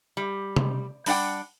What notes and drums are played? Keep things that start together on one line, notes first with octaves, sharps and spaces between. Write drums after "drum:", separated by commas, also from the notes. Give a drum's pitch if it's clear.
G3
drum: tom C3
G3 D4 D5 F#5 G5, drum: open hi-hat